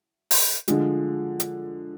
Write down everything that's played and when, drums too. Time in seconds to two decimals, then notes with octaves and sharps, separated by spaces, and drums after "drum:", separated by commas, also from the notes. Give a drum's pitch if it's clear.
0.31 drum: open hi-hat
0.68 D3 F3 G#3, drum: hi-hat
1.40 drum: hi-hat